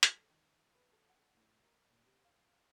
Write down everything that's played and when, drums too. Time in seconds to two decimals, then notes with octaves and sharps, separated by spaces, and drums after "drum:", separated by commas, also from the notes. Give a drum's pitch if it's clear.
0.03 F#3, drum: hi-hat
0.16 A4
0.30 D#3
0.75 B4
0.92 A4
1.09 F#5
1.37 A2
1.65 A#4
1.90 A#2
2.06 C3
2.25 F5